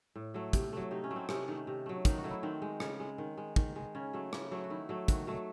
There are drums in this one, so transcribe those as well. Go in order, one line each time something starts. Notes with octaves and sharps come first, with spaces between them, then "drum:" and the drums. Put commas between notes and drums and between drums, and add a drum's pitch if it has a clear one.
A2
F#3 A3
C3, drum: kick, hi-hat
F#3 A3
C3 D#4
C#4
F#3 A3
C4
C3 C#4, drum: rim click
D#3 A3
C3
F#3 A3
D#3 D#4, drum: kick, hi-hat
F#4
F#3 A3
E4
D#3 C4
G#3
C#3, drum: rim click
G#3
D#3
G#3
D#3, drum: kick
G#3
C#3 C#4
F#3 A3
C#3, drum: rim click
F#3 A3
F#4
D#3 E4
F#3 A3
D#3 F#4, drum: kick, hi-hat
F#3 A3